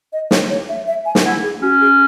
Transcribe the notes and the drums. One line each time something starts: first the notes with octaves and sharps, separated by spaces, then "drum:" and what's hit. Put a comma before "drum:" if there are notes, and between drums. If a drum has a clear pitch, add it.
D#5
C#5, drum: snare
C#5
E5
E5
G#5
drum: snare
E4 F#5
G#4
C#4 F#4
G#4